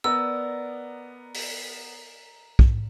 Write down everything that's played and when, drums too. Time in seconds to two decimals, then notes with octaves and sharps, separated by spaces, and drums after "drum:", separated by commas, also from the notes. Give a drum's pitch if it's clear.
0.04 B3 A#4 D5 D#5 E6
1.34 drum: open hi-hat
2.59 drum: kick